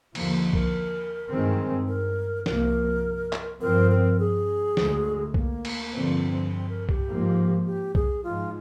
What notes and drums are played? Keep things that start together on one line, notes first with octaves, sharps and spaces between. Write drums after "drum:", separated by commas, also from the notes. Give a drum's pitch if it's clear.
D#2 D3 F3 A#3, drum: cymbal
A#4, drum: kick B1
G2 D#3 G#3 C4
A#4
C2 C3 F3 A#3 A#4, drum: snare
drum: clap
G2 F3 C4 A#4
A#4
G#4
D2 D3 G#3, drum: snare
A#3, drum: kick B1
drum: cymbal
G2 D3 F3 C4
C4
A#4
G4, drum: kick B1
G#2 F3 A#3
G4
G#4, drum: kick B1
G#2 F3 G#3 F4